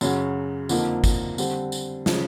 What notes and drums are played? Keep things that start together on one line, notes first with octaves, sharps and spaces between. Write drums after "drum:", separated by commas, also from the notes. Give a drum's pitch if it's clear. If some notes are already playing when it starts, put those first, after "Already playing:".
F#2 C#3 F#3, drum: tambourine
F2 D3 F3 A#3 D#4, drum: tambourine
drum: kick, tambourine
D3 G3 C4, drum: tambourine
drum: tambourine
C#3 F3 G#3, drum: snare